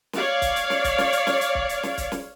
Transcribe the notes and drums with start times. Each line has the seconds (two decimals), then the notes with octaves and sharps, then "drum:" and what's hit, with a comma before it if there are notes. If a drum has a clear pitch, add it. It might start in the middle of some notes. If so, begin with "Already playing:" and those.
0.13 C#5 D5 F5, drum: snare
0.42 drum: kick, hi-hat
0.56 drum: hi-hat
0.70 drum: snare
0.84 drum: kick, hi-hat
0.98 drum: snare
1.12 drum: hi-hat
1.27 drum: snare
1.41 drum: hi-hat
1.55 drum: kick
1.69 drum: hi-hat
1.83 drum: snare
1.97 drum: kick, hi-hat
2.12 drum: snare